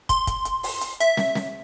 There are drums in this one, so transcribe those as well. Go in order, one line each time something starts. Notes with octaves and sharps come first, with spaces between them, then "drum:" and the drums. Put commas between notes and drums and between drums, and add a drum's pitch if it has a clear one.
C6, drum: kick, hi-hat
drum: kick, hi-hat
drum: hi-hat
drum: open hi-hat
drum: hi-hat
E5, drum: hi-hat
drum: snare
drum: snare